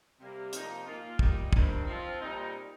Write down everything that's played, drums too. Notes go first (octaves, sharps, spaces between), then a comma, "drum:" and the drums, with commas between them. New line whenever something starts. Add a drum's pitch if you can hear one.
C3 G3 A#3
C3 F3 A#3 D#4, drum: hi-hat
A#2 A#3 F4
A#2 G3 D#4, drum: kick
G2 D#3 C4, drum: kick
F3 C4 F4
A#2 G3 C4 D#4